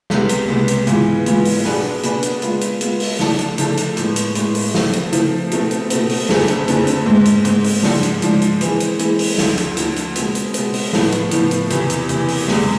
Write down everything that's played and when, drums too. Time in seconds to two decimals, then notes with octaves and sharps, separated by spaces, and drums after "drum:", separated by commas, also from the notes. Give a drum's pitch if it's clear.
0.10 C2 C3 G#3 B3, drum: snare
0.29 drum: hi-hat
0.48 C2 C3 G#3 B3
0.68 drum: hi-hat
0.87 G#2 E3 B3 F4 G#4, drum: hi-hat
1.26 G#2 E3 B3 F4 G#4, drum: hi-hat
1.45 drum: open hi-hat
1.65 B2 B3 D4 G#4 B4, drum: snare
2.03 B2 B3 D4 G#4 B4, drum: hi-hat
2.23 drum: hi-hat
2.42 G#3 B3 F4, drum: hi-hat
2.61 drum: hi-hat
2.81 G#3 B3 F4, drum: hi-hat
3.00 drum: open hi-hat
3.19 D3 F3 A3 D4 A4, drum: snare
3.39 drum: hi-hat
3.58 D3 F3 A3 D4 A4, drum: hi-hat
3.77 drum: hi-hat
3.97 A2 G#3 B3, drum: hi-hat
4.16 drum: hi-hat
4.35 A2 G#3 B3, drum: hi-hat
4.55 drum: open hi-hat
4.75 F3 A3 C4, drum: snare
4.93 drum: hi-hat
5.13 F3 A3 C4, drum: hi-hat
5.52 B2 A3 C4, drum: hi-hat
5.71 drum: hi-hat
5.90 B2 A3 C4, drum: hi-hat
6.09 drum: open hi-hat
6.29 F2 D3 A3 C4 G#4, drum: snare
6.48 drum: hi-hat
6.68 F2 D3 A3 C4 G#4, drum: hi-hat
6.87 drum: hi-hat
7.06 G#2 G#3 C4
7.26 drum: hi-hat
7.45 G#2 G#3 C4, drum: hi-hat
7.64 drum: open hi-hat
7.83 G#2 F3 G#3 D4, drum: snare
8.03 drum: hi-hat
8.22 G#2 F3 G#3 D4, drum: hi-hat
8.42 drum: hi-hat
8.61 E3 G#3 C4 E4 G#4, drum: hi-hat
8.80 drum: hi-hat
8.99 E3 G#3 C4 E4 G#4, drum: hi-hat
9.19 drum: open hi-hat
9.38 D2 D3 F3, drum: snare
9.58 drum: hi-hat
9.77 D2 D3 F3, drum: hi-hat
9.96 drum: hi-hat
10.16 B2 G#3 C4, drum: hi-hat
10.35 drum: hi-hat
10.54 B2 G#3 C4, drum: hi-hat
10.74 drum: open hi-hat
10.93 A2 F3 B3, drum: snare
11.12 drum: hi-hat
11.31 A2 F3 B3, drum: hi-hat
11.51 drum: hi-hat
11.70 E2 C3 E3, drum: hi-hat
11.90 drum: hi-hat
12.09 E2 C3 E3, drum: hi-hat
12.28 drum: open hi-hat
12.48 E2 C3 G#3, drum: snare